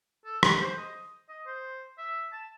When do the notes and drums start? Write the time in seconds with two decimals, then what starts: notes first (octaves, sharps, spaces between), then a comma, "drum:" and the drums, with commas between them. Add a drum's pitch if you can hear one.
0.25 A4
0.43 B4, drum: rim click
0.60 C5
0.78 D#5
1.29 D#5
1.46 C5
1.98 E5
2.33 A5